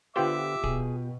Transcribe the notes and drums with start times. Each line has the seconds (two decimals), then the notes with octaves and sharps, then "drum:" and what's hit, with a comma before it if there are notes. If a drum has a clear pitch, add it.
0.16 D3 B3 F4 G4 C5 E5 G5 D6
0.64 B2 G#4, drum: kick D1